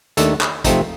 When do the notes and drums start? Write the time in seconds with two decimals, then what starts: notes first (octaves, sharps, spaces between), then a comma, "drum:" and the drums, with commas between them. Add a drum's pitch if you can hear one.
0.17 D#2 D#3 A3 D4 A4, drum: hi-hat
0.41 drum: clap
0.65 C3 F3 A3 C4 D#4, drum: kick, hi-hat